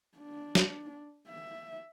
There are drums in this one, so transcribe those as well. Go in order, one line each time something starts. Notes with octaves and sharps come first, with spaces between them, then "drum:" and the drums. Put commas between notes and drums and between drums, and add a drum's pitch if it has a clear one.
D4
drum: snare
E5